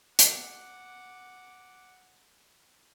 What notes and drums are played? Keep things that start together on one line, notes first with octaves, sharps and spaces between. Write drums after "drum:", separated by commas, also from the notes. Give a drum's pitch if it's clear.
F#5 D6, drum: hi-hat